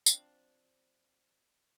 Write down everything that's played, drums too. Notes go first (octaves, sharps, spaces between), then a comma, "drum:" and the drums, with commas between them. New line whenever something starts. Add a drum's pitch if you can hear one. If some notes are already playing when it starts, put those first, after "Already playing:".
F3 C4 D4, drum: tambourine